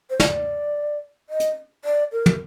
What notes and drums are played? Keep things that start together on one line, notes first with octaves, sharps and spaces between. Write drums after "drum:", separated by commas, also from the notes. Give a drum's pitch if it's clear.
C5
D5, drum: snare
D#5
drum: hi-hat
D5
A#4
drum: tom